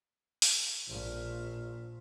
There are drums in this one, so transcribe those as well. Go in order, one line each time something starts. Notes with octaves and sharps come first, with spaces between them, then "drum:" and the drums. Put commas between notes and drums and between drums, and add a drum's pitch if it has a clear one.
drum: open hi-hat
A#1 A#2